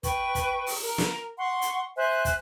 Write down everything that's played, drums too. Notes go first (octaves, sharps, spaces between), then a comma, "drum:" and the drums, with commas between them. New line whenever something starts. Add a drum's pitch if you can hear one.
B4 G5 C#6, drum: kick, hi-hat
drum: kick, hi-hat
drum: open hi-hat
A#4
drum: snare
F#5 C6 C#6
drum: hi-hat
C5 E5 G#5 F#6
drum: kick, hi-hat